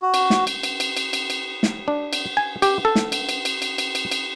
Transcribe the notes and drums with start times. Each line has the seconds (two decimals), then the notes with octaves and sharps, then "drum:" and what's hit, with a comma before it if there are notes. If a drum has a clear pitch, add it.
0.02 F#4
0.14 drum: cymbal
0.30 drum: snare
0.47 drum: cymbal
0.63 drum: cymbal
0.80 drum: cymbal
0.97 drum: cymbal
1.13 drum: cymbal
1.30 drum: cymbal
1.63 drum: snare
1.88 D4
2.13 drum: cymbal
2.37 G#5
2.62 G4, drum: cymbal
2.85 A4
2.95 drum: snare
3.12 drum: cymbal
3.29 drum: cymbal
3.45 drum: cymbal
3.62 drum: cymbal
3.78 drum: cymbal
3.95 drum: cymbal
4.12 drum: cymbal